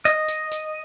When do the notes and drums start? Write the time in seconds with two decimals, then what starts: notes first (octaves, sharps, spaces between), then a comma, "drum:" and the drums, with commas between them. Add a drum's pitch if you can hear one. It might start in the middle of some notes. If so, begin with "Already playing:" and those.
0.05 D#5, drum: tambourine
0.29 drum: tambourine
0.52 drum: tambourine